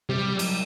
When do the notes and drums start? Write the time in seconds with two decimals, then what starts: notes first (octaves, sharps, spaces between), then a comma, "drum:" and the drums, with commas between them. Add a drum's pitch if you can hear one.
0.09 C3 G3
0.39 drum: cymbal